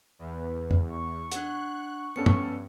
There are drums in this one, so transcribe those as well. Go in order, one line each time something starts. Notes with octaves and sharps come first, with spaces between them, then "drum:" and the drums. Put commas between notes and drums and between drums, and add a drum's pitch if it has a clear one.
E2 B4
drum: tom
C#6
D4 F#5 F#6, drum: hi-hat
G2 B3 C#4 A4 C#7
drum: tom